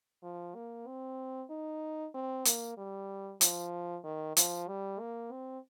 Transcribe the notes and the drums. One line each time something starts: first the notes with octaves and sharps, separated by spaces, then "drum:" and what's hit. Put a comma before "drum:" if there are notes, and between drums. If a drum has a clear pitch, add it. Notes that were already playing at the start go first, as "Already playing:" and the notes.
F3
A#3
C4
D#4
C4
A#3, drum: hi-hat
G3
F3, drum: hi-hat
D#3
F3, drum: hi-hat
G3
A#3
C4